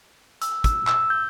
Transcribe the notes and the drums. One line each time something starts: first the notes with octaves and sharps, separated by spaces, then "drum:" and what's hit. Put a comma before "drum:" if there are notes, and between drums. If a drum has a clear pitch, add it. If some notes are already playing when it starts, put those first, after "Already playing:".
E6, drum: hi-hat
E6, drum: kick, hi-hat
E6, drum: clap
G6